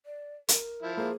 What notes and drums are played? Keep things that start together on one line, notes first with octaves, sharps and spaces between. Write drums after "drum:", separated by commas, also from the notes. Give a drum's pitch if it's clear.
D5
A#4, drum: hi-hat
F3 E4
A#3 G#4 C5